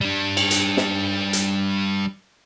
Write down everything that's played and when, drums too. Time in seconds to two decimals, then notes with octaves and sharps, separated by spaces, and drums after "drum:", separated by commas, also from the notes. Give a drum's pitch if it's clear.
0.01 G3 D4
0.37 drum: cymbal
0.51 drum: hi-hat
0.77 drum: snare
1.33 drum: hi-hat